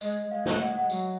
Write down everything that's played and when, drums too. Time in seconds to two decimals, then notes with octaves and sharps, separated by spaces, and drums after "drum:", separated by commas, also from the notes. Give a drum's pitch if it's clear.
0.01 G#3 D#5, drum: tambourine
0.31 G#3 F5
0.46 drum: snare
0.56 F#3
0.60 G#3 F#5
0.77 F#5
0.81 G#3
0.90 F#3, drum: tambourine